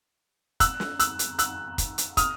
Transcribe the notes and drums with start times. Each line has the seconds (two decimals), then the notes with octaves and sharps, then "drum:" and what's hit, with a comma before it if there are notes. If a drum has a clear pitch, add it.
0.60 E6 F#6, drum: kick, hi-hat
0.80 drum: snare
0.99 E6 F#6, drum: hi-hat
1.19 drum: hi-hat
1.39 E6 F#6, drum: hi-hat
1.78 drum: kick, hi-hat
1.98 drum: hi-hat
2.17 D#6 F6, drum: kick, hi-hat